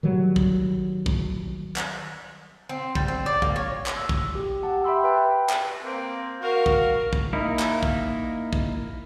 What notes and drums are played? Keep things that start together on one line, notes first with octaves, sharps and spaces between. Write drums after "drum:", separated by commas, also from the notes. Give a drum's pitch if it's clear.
D#3 F#3 G3
drum: kick
drum: kick
drum: clap
C4
G3, drum: kick
C4
D5
A#3, drum: kick
C#5
drum: clap
E6
drum: kick
G4
G4 F#5 A5
E5 G5 B5 C6 E6
B4 G5 A5
drum: clap
A#3 C4
F#4 A#4 F5
drum: kick
drum: kick
A#3 D#4 E4
drum: clap
drum: kick
drum: kick